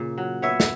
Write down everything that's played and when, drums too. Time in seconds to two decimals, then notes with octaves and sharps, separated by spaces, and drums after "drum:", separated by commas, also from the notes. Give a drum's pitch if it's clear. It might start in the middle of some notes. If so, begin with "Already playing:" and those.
Already playing: A#2 C#3 A#3
0.18 F#3
0.42 B3 C#5 E5
0.60 drum: snare